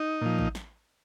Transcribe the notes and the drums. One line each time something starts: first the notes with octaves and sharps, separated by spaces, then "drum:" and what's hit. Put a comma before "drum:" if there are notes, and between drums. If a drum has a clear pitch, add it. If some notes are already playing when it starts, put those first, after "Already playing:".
Already playing: D#4
A#2 F3
drum: kick A1
drum: snare